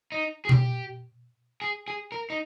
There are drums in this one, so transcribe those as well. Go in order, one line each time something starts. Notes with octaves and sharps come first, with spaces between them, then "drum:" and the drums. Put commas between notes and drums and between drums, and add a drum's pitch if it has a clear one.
D#4
G#4
G4, drum: tom B2
G#4
G#4
A#4
D#4